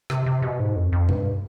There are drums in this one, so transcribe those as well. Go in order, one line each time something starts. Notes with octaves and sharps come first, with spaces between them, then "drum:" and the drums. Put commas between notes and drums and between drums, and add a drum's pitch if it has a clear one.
C3, drum: rim click
C3
B2
G#2
F2
F2
G2, drum: tom B2